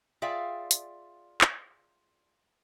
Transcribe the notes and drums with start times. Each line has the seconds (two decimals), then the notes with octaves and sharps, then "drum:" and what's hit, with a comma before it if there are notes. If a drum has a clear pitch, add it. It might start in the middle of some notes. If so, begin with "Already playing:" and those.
0.22 F4 G#4 D5 E5 F5 G5
0.71 drum: hi-hat
1.41 drum: clap